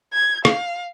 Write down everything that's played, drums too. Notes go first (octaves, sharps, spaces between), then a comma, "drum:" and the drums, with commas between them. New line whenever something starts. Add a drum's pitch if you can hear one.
G#6
F5, drum: rim click